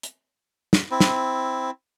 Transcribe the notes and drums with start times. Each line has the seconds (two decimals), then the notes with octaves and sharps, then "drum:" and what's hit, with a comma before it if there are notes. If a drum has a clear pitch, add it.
0.03 drum: hi-hat
0.73 drum: snare
0.91 C4 E4
1.00 drum: snare